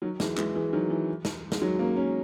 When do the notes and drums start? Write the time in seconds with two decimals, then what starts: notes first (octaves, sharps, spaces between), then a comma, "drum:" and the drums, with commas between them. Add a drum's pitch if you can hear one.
0.02 D#3 F#3
0.20 E3 G#3, drum: snare
0.37 E3 G#3, drum: clap
0.55 E3 G#3
0.73 D#3 F#3
0.90 E3
1.25 drum: snare
1.52 G#3, drum: snare
1.62 D#3 F#3
1.79 A#3 C#4
1.96 A#3 C#4